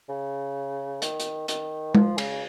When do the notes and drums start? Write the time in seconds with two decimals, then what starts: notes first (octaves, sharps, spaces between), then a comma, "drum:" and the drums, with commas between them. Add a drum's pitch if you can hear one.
0.09 C#3
1.02 D#3, drum: hi-hat
1.20 drum: hi-hat
1.48 D#3, drum: hi-hat
1.95 F3, drum: tom G#3
2.18 C#3, drum: cymbal